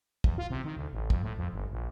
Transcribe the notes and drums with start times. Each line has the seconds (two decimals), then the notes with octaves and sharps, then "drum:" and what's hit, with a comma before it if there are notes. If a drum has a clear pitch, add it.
0.24 E2, drum: kick
0.38 F4
0.50 C3
0.64 D#3
0.77 D2
0.93 A1
1.10 F2, drum: kick
1.23 A2
1.38 F2
1.53 G1
1.72 A#1